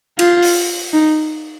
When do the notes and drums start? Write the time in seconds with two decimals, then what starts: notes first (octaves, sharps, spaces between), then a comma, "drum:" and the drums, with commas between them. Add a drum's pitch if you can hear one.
0.19 F4, drum: cymbal
0.43 drum: open hi-hat
0.93 D#4